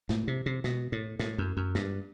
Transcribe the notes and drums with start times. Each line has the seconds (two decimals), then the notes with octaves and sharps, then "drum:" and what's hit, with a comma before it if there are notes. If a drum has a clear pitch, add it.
0.09 A2, drum: snare
0.28 C3
0.46 C3
0.64 B2, drum: snare
0.92 A2
1.19 A2, drum: snare
1.38 F#2
1.57 F#2
1.75 G2, drum: snare